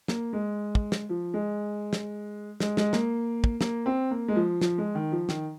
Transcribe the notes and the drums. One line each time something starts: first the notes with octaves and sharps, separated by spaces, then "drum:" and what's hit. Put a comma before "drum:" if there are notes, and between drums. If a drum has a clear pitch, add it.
A#3, drum: snare
G#3
drum: kick
drum: snare
F3
G#3
drum: snare
G#3, drum: snare
G#3, drum: snare
A#3, drum: snare
drum: kick
A#3, drum: snare
C4
A#3
G#3
F3
F3, drum: snare
G#3
D#3
F3
D#3, drum: snare